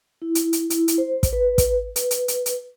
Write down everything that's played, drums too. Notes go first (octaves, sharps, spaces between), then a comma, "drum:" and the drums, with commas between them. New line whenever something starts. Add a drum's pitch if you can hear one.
E4
drum: hi-hat
drum: hi-hat
E4, drum: hi-hat
drum: hi-hat
C5
drum: kick, hi-hat
B4
drum: kick, hi-hat
B4, drum: hi-hat
drum: hi-hat
drum: hi-hat
drum: hi-hat